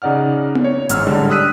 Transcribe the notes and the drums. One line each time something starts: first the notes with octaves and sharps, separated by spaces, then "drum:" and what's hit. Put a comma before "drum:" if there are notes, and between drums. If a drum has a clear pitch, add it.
C#3 D#4 D5 F#5 F6
drum: tom B3
C#5
A1 G#2 D#4 E6 F6, drum: hi-hat
D3 G3 G#3 D4
D#6 E6 F#6 B6 D#7